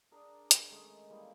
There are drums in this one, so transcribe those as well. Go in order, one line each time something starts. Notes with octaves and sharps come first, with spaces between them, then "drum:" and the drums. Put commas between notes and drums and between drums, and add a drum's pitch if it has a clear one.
D4 G#4 A#4 D5
drum: hi-hat
D#3 G#3 A3 C#4
E3 G3 G#3 A#3